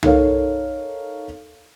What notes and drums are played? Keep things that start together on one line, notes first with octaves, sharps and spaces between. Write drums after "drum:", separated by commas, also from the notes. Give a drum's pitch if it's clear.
D#4 A4 A#4 C#5 F5, drum: tom